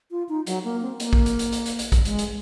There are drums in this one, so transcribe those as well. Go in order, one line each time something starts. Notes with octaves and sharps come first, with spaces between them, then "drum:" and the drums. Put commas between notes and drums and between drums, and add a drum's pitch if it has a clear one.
F4
D#4
F#3, drum: hi-hat
A#3
C4
A#3, drum: hi-hat
drum: kick A#1
drum: hi-hat
drum: hi-hat
drum: hi-hat
drum: hi-hat
drum: hi-hat
drum: kick A#1, hi-hat
G#3, drum: hi-hat
drum: hi-hat